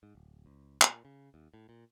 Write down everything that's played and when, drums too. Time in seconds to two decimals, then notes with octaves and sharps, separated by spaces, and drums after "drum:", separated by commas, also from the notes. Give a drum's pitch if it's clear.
0.03 G#2
0.15 D1
0.46 C#2
0.81 A#2, drum: clap
1.05 C#3
1.34 D#2
1.54 A2
1.69 A#2